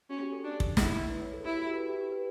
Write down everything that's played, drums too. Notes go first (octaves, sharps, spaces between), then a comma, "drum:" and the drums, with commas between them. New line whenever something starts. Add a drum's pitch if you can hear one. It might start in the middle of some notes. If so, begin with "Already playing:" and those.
C#4 F#4
G4
A4
D4 A4
drum: kick
E4, drum: snare
B4
C#5
A4
E4 G4
F#4
G4
B4
A4
G4
G4
B4